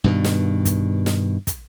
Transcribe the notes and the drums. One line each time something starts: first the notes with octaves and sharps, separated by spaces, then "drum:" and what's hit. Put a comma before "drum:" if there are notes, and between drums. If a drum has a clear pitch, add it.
G2 B2 D#3
drum: snare
drum: kick, hi-hat
drum: snare
drum: kick, hi-hat